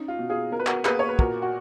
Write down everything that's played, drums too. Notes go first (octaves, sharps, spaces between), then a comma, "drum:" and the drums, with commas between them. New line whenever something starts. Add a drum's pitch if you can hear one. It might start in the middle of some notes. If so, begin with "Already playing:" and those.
Already playing: C#4 D#4
F4
B2
F4 G#4
B2 A#4
B4
F#4 A#4, drum: clap
A#3 G#4 B4, drum: clap
C#5
B4
A#2 F#4 A#4, drum: kick
F#4